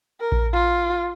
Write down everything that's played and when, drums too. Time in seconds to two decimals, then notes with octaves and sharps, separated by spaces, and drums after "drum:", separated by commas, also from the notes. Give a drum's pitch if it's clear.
0.21 A#4
0.32 drum: kick A#1
0.53 F4